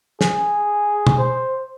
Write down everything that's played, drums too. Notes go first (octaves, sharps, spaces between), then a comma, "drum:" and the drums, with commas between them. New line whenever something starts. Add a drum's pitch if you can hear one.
G#4, drum: snare
drum: tom
C5